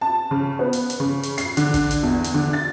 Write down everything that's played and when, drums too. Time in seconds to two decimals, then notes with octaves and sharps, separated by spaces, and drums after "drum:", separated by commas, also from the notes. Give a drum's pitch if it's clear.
0.01 A5
0.31 C#3
0.59 B3
0.73 drum: hi-hat
0.90 drum: hi-hat
1.00 C#3
1.23 drum: hi-hat
1.38 C7, drum: hi-hat
1.57 D3, drum: hi-hat
1.74 drum: kick, hi-hat
1.91 drum: hi-hat
2.03 E2
2.24 drum: hi-hat
2.34 D3
2.53 A6